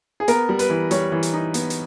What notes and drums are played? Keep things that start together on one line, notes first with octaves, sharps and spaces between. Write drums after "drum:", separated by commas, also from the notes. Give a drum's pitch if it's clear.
G#4
B3 A#4, drum: hi-hat
G3
B4, drum: hi-hat
E3
G3 C#5, drum: hi-hat
E3
drum: hi-hat
D#4
B3, drum: hi-hat
drum: hi-hat